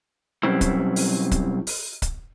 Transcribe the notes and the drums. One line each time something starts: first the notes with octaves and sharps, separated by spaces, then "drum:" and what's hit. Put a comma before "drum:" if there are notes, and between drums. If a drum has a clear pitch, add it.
B2 F#3 G3 C4 C#4 E4
drum: kick C#1, hi-hat
drum: open hi-hat
drum: kick C#1, hi-hat
drum: open hi-hat
drum: kick C#1, hi-hat